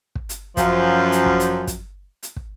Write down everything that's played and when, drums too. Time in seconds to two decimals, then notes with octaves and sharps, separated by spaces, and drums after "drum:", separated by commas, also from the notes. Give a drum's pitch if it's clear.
0.15 drum: kick
0.29 drum: hi-hat
0.57 F#2 F3, drum: kick, hi-hat
1.12 drum: hi-hat
1.26 drum: kick
1.40 drum: hi-hat
1.67 drum: kick, hi-hat
2.23 drum: hi-hat
2.36 drum: kick